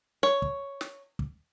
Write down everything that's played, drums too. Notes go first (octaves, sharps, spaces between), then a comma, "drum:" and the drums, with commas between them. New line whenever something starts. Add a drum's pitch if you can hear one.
C#5
drum: kick
drum: snare
drum: kick